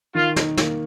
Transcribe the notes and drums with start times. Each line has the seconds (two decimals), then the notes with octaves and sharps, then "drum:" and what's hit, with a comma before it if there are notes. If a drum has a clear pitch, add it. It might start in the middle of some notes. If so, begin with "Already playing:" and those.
0.15 D#3 F4
0.36 D#4, drum: snare
0.57 A#3, drum: snare